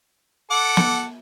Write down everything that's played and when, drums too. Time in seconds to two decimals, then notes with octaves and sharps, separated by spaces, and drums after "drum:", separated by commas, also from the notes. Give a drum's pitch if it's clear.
0.51 A4 F#5 D6
0.77 drum: snare